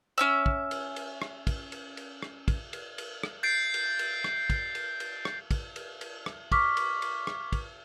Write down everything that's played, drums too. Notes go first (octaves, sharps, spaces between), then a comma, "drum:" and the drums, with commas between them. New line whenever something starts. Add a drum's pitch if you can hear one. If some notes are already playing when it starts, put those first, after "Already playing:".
C#4 E5 E6
drum: kick
drum: cymbal
drum: cymbal
drum: rim click
drum: kick, cymbal
drum: cymbal
drum: cymbal
drum: rim click
drum: kick, cymbal
drum: cymbal
drum: cymbal
drum: rim click
G6 A6 C7 D7
drum: cymbal
drum: cymbal
drum: rim click
drum: kick, cymbal
drum: cymbal
drum: cymbal
drum: rim click
drum: kick, cymbal
drum: cymbal
drum: cymbal
drum: rim click
C#6 D6 F6 B6, drum: kick, cymbal
drum: cymbal
drum: cymbal
drum: rim click
drum: kick, cymbal